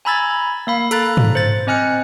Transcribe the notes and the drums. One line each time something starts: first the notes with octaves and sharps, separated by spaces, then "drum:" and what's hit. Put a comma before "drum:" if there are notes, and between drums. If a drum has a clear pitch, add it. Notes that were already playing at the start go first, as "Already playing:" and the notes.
G#5 A#5 B5 E6 G#6 A6
A#3 F5 B5
A4 A#5 F#6 A6, drum: hi-hat
drum: tom G#2
C5 A6
C4 D#5 G#5 F6 F#6 C#7